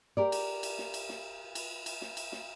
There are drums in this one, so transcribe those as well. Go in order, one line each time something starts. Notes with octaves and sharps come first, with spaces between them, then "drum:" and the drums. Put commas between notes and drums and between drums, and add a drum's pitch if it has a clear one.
G4 A#4 D5
drum: cymbal
drum: cymbal
drum: snare
drum: cymbal
drum: snare
drum: cymbal
drum: cymbal
drum: snare
drum: cymbal
drum: snare